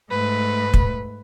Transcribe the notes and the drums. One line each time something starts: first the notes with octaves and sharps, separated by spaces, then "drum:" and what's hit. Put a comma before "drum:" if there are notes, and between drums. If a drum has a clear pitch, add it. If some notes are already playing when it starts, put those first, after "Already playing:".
G#2 A3 B4
drum: kick